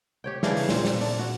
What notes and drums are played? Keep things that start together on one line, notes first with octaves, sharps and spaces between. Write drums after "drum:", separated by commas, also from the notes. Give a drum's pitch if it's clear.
G4 C#5 G5
C#3 E3 D4 F5, drum: snare
drum: open hi-hat
A#2 C4, drum: snare
drum: snare
D4, drum: open hi-hat
F#4